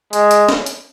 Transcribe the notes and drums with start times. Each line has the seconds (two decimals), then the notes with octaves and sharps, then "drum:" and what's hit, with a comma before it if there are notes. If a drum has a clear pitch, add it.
0.13 G#3, drum: hi-hat
0.31 drum: hi-hat
0.49 drum: snare
0.66 drum: hi-hat